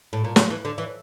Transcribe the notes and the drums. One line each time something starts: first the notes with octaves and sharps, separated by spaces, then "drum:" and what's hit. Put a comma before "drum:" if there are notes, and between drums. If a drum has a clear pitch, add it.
A2
A#2
C#3, drum: snare
E3
D3
E3